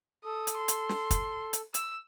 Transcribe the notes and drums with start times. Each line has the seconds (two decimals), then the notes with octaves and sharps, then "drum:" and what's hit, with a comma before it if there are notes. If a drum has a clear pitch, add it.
0.25 A4 D#6
0.47 drum: hi-hat
0.57 C6
0.68 drum: hi-hat
0.89 drum: snare
1.11 drum: kick, hi-hat
1.53 drum: hi-hat
1.74 E6, drum: hi-hat